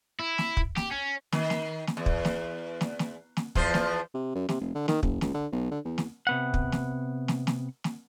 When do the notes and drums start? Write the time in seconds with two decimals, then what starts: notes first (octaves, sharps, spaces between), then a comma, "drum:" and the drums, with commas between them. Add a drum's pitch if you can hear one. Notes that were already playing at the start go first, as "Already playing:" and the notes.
0.20 E4
0.38 drum: snare
0.57 drum: kick
0.76 G4, drum: snare
0.91 C#4
1.32 D#3, drum: snare
1.50 drum: snare
1.87 drum: snare
1.97 E2
2.06 drum: kick
2.25 drum: snare
2.81 drum: snare
2.99 drum: snare
3.37 drum: snare
3.55 E2 F3 C5, drum: kick
3.74 drum: snare
4.14 C3
4.35 F#2
4.49 C3, drum: snare
4.61 F1
4.75 D3
4.88 D#3, drum: snare
5.03 F#1, drum: kick
5.21 C#2, drum: snare
5.34 D3
5.52 B1
5.71 D3
5.85 E2
5.98 drum: snare
6.27 C3 B3 F#5
6.54 drum: kick
6.72 drum: snare
7.28 drum: snare
7.47 drum: snare
7.84 drum: snare